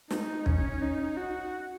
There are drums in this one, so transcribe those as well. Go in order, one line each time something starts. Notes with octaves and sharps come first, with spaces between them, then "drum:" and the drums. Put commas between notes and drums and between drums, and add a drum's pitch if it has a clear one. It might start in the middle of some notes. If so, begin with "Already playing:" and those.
D#4, drum: snare
C#4, drum: kick
D#4
F#4